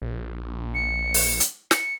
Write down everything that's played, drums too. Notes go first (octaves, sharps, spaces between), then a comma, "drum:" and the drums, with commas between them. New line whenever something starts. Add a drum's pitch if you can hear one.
A#1
C#7
drum: open hi-hat
drum: hi-hat
C#7, drum: snare